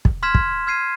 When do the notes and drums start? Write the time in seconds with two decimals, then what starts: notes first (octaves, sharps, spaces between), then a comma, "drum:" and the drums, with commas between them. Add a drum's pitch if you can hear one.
0.05 drum: kick
0.23 C6 F6 G#6 B6 E7
0.35 drum: kick
0.67 F6 G#6 C7 D#7